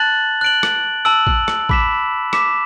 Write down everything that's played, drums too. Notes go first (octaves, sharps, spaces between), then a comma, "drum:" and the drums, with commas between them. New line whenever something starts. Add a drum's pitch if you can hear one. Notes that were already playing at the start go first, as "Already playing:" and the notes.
Already playing: A5 F#6 A6 F#7
F#6 D7 F#7
drum: rim click
A5 E6 D7 F#7
drum: kick A1
drum: rim click
B5 D6 B6 E7, drum: kick A1
D6 B6 E7, drum: rim click